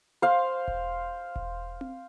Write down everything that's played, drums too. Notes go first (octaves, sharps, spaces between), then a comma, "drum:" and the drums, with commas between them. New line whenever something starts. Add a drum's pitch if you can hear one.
C5 F5
drum: kick E1
drum: kick E1
drum: tom C4